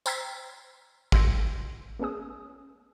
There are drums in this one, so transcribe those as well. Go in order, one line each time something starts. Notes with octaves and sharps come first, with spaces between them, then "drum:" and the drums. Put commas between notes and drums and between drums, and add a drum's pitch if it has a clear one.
C5 G5 A#5 E6 G#6 B6, drum: tambourine
C6 E6 G6 A#6 C#7, drum: kick
A3 B3 C#4 G#4 D#6